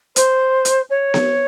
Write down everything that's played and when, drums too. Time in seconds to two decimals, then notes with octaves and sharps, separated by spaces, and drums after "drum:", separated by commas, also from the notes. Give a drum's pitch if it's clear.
0.16 C5, drum: hi-hat
0.65 drum: hi-hat
0.90 C#5
1.14 drum: snare B3